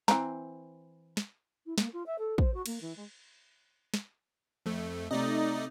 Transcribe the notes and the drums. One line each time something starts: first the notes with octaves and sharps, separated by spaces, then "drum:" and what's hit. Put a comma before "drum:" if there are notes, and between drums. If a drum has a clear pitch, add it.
E3 C4 A#5, drum: snare
drum: snare
E4
A#3, drum: snare
F4
E5
A4
C5, drum: kick
F#4
A#3, drum: cymbal
E3
G#3
drum: snare
F2 A3
C3 A3 D#4 D5 D#5